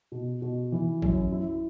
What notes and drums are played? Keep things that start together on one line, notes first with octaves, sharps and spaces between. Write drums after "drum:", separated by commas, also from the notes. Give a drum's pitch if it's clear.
B2
B2
E3
F#2, drum: kick A1
E4